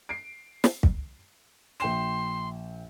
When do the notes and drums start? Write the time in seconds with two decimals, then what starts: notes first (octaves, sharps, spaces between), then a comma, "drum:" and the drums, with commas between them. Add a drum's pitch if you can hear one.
0.09 C7 D7
0.64 drum: snare
0.83 drum: kick
1.80 A#1 G5 C6 E7